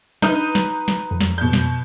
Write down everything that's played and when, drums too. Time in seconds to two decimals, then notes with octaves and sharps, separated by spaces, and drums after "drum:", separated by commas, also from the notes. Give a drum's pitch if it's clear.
0.22 D#4 B4 A#5 D#6 G6, drum: snare
0.55 drum: snare
0.88 drum: snare
1.11 F2
1.21 drum: snare
1.38 B2 G6
1.53 drum: snare